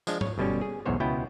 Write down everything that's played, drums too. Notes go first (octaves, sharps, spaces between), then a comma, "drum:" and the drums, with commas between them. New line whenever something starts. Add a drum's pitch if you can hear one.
F3 G#3 D4, drum: tambourine
C#5, drum: tom G#2
G1 B2 G3 C#4
G#4
B1 E2 G#2 C5 C#5
C#2 B2 B3 E4 G5